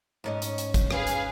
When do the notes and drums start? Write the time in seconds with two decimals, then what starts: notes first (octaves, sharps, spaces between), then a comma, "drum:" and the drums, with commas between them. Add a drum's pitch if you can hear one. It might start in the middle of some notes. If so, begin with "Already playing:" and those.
0.24 G#2 C#4 D#5
0.42 drum: hi-hat
0.58 drum: hi-hat
0.74 drum: kick, hi-hat
0.91 G#4 B4 F5, drum: rim click
1.07 drum: hi-hat